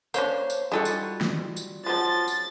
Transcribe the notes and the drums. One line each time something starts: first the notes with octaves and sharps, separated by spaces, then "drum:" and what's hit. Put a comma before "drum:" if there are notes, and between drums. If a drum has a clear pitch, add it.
A#3 C#4 D4 C5 C#5, drum: tambourine
drum: tambourine
G3 G#3 D#4 F4 F#4 A4
drum: tambourine
drum: snare
drum: tambourine
F3 F#3 G#3 A6
drum: tambourine